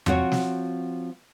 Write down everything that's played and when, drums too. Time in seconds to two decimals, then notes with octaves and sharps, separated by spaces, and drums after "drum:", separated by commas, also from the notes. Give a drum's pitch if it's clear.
0.06 F3 C4 F#4 C#5, drum: tom E2
0.32 drum: snare